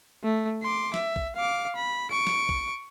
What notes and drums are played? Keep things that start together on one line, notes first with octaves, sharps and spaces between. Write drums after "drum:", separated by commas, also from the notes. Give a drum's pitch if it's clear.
A3
C6 D6
E5, drum: snare
drum: kick
F5 D6
B5
C#6 D7
drum: snare
drum: kick